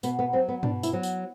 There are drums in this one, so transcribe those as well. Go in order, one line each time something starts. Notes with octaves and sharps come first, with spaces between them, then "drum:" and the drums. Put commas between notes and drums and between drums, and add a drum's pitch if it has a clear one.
B2 B3, drum: tambourine
B3
F#3 C4
B3
B2 D4, drum: tom
E4, drum: tambourine
F#3
drum: tambourine